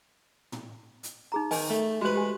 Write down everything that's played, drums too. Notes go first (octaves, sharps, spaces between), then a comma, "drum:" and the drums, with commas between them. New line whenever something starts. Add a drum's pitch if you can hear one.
drum: tom
drum: hi-hat
D#4 G#4 A#5
D#3 G#5, drum: open hi-hat
A3
G#3 F#4 G4 B4 C5
G4 G#5